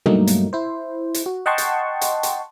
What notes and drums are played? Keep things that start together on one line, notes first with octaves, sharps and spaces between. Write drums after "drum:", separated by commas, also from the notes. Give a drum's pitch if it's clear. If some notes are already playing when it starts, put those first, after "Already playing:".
G2 F#3 A3 A#3 D#4, drum: tom
drum: hi-hat
E4 C5
drum: hi-hat
F#4
D#5 F#5 G5 A5 C6 C#6
drum: hi-hat
drum: hi-hat
drum: hi-hat